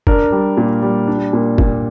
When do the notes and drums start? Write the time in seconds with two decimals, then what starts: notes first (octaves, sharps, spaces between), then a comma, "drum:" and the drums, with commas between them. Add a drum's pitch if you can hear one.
0.07 D4 A#4, drum: kick
0.32 G3
0.57 A#2
0.82 G3
1.08 D4
1.33 A#2
1.58 A#2, drum: kick